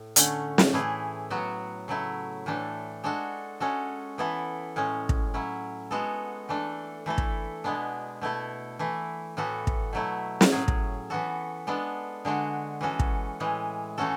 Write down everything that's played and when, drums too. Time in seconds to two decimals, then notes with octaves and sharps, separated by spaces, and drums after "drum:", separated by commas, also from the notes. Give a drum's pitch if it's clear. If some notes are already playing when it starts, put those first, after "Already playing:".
Already playing: A2
0.16 D3 A3 C#4, drum: hi-hat
0.58 drum: snare
0.73 A2 E3 A3 E4 G#4
1.30 A2 F#3 B3 F#4
1.88 C#3 F#3 A3 E4
2.46 A2 E3 A3 D4 A4
3.04 G#3 D4 F#4 A4
3.60 G#3 C#4 F#4 A4
4.18 E3 B3 E4 A4
4.76 A2 G#3 C#4
5.09 drum: kick
5.34 F#3 C#4 E4
5.91 G#3 B3 F#4 A4
6.49 E3 A3 D4 A4
7.06 E3 A3 E4 A4
7.18 drum: kick
7.64 B2 G#3 B3 D4
8.21 B2 A3 E4 A4
8.79 E3 A3 E4
9.37 A2 E3 B3 F#4 A4
9.67 drum: kick
9.93 B2 F#3 A3 E4
10.41 drum: snare
10.52 A2 F#3 C#4 G#4
10.68 drum: kick
11.10 E3 B3 F#4 A4
11.67 G#3 B3 D4 A4
12.25 D3 G#3 D4 F#4
12.81 E3 G#3 C#4 F#4 A4
12.99 drum: kick
13.40 A2 E3 G#3
13.98 E3 A3 C#4 F#4 A4